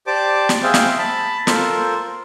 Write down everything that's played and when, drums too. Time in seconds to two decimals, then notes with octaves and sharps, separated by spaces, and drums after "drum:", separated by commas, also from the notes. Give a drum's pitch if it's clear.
0.07 G4 C5 D5 A5 D6
0.49 drum: snare
0.63 G#4 C5 E5 F5 G5
0.74 drum: snare
0.98 A5 B5
1.47 F4 A4 A#4 C5, drum: snare